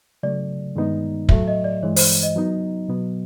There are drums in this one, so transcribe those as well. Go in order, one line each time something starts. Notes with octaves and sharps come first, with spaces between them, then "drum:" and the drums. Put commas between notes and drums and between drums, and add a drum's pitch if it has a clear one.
C#3 F#3 A3 D5
G2 D#3 G#3 B3 D#4
A2 F#3 A3 E5, drum: kick
D#5
D5
G2 E3 G#3 C#5
C5, drum: open hi-hat
D#5
F#3 B3 D#4
B2 F#3 B3